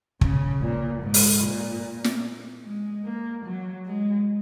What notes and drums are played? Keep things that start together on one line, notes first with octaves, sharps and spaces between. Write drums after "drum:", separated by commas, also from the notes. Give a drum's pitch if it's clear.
C#3, drum: kick
A#2
G#2
drum: open hi-hat
A#2
drum: snare
G#3
A#3
F#3
G#3